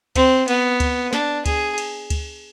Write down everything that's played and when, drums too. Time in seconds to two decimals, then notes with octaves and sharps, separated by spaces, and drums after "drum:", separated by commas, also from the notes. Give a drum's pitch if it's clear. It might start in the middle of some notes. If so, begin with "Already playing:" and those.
0.16 C4, drum: kick D2, cymbal
0.48 B3, drum: cymbal
0.80 drum: kick D2, cymbal
1.13 D4, drum: snare
1.46 G#4, drum: kick D2, cymbal
1.78 drum: cymbal
2.10 drum: kick D2, cymbal